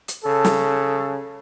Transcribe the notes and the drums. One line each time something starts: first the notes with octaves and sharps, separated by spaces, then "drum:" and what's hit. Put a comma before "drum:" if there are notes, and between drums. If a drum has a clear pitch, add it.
drum: hi-hat
C#3 A4
drum: snare